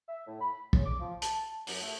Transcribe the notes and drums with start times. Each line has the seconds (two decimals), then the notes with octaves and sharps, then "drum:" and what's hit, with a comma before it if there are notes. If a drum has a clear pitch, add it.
0.08 E5
0.27 A2
0.40 B5
0.73 C#3, drum: kick
0.85 D6
1.00 F3
1.22 A5, drum: hi-hat
1.67 F#2, drum: open hi-hat
1.81 A3